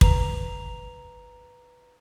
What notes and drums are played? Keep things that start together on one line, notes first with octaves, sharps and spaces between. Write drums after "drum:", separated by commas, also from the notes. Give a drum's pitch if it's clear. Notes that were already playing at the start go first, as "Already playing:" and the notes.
B4 A#5 F7, drum: kick